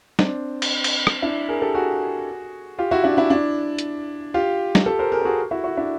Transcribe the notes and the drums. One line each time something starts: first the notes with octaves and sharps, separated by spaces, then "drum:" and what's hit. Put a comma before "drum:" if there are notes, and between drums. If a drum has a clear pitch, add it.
C4 D4, drum: snare
drum: cymbal
drum: cymbal
drum: rim click
D4 E4
G#4 A#4
G4 A4
F#4 G#4
F4 G4
E4 F#4
D4 E4
D4 E4
D4 E4
drum: hi-hat
F4 G4
drum: snare
G4 A4
A#4 C5
G#4 A#4
A4
F#4 G#4
E4 F#4
E4 F#4
D4 E4